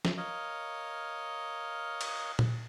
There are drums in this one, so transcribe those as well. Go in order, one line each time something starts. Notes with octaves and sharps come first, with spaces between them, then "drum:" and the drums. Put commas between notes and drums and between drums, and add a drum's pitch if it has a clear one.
drum: snare
A#4 C#5 D#5 F5
drum: cymbal
drum: tom A#2